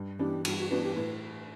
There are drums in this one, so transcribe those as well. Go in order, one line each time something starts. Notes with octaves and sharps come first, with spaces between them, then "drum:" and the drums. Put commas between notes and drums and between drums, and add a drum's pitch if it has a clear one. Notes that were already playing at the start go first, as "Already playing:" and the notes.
Already playing: G2
E3 B3 D4 G4
G2 F#4, drum: cymbal
F#4
E3 B3 D4 F#4
G4
A2 B4